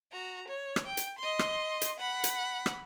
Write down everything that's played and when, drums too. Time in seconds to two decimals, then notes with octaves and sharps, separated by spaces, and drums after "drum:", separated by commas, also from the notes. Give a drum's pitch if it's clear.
0.12 F#4 A#5
0.48 C#5
0.76 drum: rim click
0.86 G5
0.97 drum: hi-hat
1.18 D#5 C6
1.39 drum: rim click
1.81 drum: hi-hat
1.99 F#5 B5
2.24 drum: hi-hat
2.66 drum: rim click